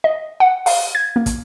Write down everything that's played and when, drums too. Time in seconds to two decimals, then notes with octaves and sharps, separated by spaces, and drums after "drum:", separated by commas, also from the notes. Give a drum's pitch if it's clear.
0.04 D#5
0.40 F#5
0.66 F5, drum: open hi-hat
0.95 G#6
1.16 A#3
1.26 drum: kick, hi-hat